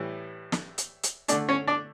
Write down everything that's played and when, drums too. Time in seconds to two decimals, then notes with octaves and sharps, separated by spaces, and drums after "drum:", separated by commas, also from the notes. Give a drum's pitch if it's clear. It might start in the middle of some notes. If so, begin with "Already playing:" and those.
Already playing: A2 E3 G3
0.52 drum: snare
0.78 drum: hi-hat
1.03 drum: hi-hat
1.28 D3 A3 D4 D5, drum: hi-hat
1.49 C#4 C#5
1.67 D4 D5